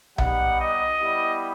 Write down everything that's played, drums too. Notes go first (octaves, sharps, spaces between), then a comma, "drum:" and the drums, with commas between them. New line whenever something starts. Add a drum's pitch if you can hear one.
G3 B3 D#4 G4 F#5, drum: tom B1
D#5
G3 B3 E4 G4